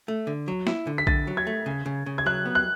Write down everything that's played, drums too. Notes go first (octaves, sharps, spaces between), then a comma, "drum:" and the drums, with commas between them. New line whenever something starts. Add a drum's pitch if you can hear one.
A3
D3
F#3
E4, drum: snare A#3
D3
B6
D3 A6, drum: kick A#1
F#3
G#6
A3
C#3
C#3
C#3
G#6
F#3 F#6
B3
F#6